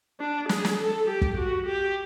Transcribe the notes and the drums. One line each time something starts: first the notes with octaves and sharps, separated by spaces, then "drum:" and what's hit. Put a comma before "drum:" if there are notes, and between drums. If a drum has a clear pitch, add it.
D4
G#4, drum: snare
drum: snare
A4
G4
drum: kick
F#4
G4